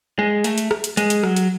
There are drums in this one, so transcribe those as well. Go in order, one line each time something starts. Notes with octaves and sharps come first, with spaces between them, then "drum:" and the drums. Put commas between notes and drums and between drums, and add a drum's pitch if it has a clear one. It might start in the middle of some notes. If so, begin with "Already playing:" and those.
G#3
A3, drum: hi-hat
drum: hi-hat
drum: rim click
drum: hi-hat
G#3, drum: hi-hat
drum: hi-hat
F#3, drum: rim click
drum: hi-hat